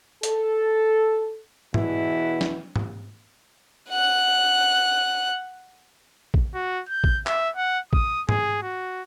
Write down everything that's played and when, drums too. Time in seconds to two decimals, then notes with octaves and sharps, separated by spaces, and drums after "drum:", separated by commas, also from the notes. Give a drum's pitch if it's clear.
0.23 A4, drum: hi-hat
1.74 E2 B2 E3 E4, drum: tom G#2
2.41 drum: snare
2.76 drum: tom G#2
3.90 F#5 F#6
6.34 drum: kick
6.55 F#4
6.89 G6
7.04 drum: kick
7.27 E5, drum: clap
7.56 F#5
7.93 D#6, drum: kick
8.29 G#4, drum: tom G#2
8.63 F#4